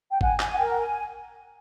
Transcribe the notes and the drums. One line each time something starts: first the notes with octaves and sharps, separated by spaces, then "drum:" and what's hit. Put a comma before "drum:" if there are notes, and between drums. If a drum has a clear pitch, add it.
G5
F#5 G#5, drum: kick G#1
G#5, drum: clap
F#5
A#4 G5
F#5
G#5